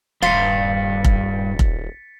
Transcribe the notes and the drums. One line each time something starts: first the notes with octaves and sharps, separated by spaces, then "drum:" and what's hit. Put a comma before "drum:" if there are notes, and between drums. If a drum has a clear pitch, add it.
D#1 G2 F5 C6 A6 B6 C#7
drum: kick F1
drum: kick F1